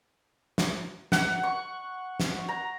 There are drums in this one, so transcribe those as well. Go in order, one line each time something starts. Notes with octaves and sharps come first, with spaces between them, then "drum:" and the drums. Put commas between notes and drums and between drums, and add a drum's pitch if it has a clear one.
drum: snare
F#5, drum: snare
C#6
drum: snare
A#5